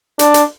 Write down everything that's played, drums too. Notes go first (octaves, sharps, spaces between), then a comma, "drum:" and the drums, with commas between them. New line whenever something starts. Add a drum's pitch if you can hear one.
D4, drum: hi-hat
drum: hi-hat